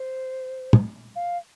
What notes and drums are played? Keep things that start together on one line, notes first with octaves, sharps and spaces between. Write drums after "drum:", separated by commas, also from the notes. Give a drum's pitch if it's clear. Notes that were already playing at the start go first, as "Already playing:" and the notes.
Already playing: C5
drum: tom
F5